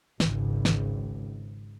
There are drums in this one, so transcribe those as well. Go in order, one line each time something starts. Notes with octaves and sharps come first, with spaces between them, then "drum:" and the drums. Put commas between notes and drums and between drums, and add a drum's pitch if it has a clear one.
G#1 C#2, drum: snare
drum: snare